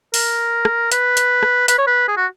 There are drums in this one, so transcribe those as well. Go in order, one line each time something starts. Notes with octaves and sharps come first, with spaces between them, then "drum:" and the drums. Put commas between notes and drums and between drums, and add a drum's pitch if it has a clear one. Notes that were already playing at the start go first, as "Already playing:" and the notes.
A#4, drum: open hi-hat
drum: rim click
B4, drum: hi-hat
drum: hi-hat
drum: rim click
B4, drum: hi-hat
C#5
B4
G#4
F#4